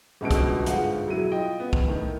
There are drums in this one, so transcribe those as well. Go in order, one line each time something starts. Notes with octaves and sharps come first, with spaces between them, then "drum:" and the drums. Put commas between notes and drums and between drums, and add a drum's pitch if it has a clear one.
G1 C#2 B2 D7
drum: kick B1, hi-hat
G1 G#2 F3 G#4 F5 F#5, drum: hi-hat
E1 F#3 E4 D#7
F4 D#5 G5
B3
drum: kick B1
A2 D#3